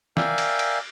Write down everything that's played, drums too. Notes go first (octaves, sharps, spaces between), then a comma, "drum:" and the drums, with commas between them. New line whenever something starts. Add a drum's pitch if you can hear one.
A#4 D5 E5 F5 G5 G#5, drum: snare
drum: cymbal
drum: cymbal